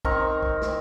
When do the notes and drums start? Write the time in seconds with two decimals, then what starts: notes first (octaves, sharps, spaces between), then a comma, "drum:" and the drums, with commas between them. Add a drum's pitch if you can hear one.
0.05 D#3 C4 A#4 C#6, drum: kick
0.43 drum: kick
0.62 drum: snare